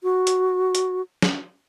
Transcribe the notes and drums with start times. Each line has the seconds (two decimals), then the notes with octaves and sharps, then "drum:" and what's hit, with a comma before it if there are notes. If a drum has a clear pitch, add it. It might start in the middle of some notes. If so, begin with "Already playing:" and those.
0.03 F#4
0.27 drum: hi-hat
0.75 drum: hi-hat
1.22 drum: snare